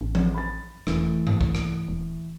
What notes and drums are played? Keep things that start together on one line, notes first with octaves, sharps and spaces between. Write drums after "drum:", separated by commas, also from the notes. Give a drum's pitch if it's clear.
A1
drum: tom F3
B5 A6
E1 E3 A3, drum: rim click
drum: tom G#2
drum: kick
drum: rim click
D#1